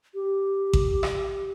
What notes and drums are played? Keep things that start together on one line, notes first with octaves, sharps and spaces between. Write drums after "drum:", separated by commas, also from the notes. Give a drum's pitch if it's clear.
G4
drum: kick A1
drum: rim click